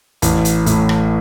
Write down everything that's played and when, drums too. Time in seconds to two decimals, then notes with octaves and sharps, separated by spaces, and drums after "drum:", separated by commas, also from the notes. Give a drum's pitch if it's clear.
0.22 A1, drum: hi-hat
0.45 drum: hi-hat
0.66 A2, drum: hi-hat
0.89 drum: rim click